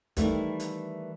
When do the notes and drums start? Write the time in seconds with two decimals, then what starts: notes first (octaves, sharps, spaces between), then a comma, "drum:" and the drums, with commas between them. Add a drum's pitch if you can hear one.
0.17 D#3 E3 G3 A3 E4 A#4, drum: kick, hi-hat
0.60 drum: hi-hat